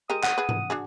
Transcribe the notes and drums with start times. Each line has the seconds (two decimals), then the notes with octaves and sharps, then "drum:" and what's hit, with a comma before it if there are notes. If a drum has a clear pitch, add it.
0.10 G#3 G4 A#4 D#6
0.23 F#5, drum: clap
0.38 G#4 B4
0.49 drum: tom G#2
0.70 D4 F#4 G#4